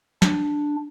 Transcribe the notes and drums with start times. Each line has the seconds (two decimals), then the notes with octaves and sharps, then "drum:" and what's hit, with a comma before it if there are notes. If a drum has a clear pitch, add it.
0.22 D4, drum: snare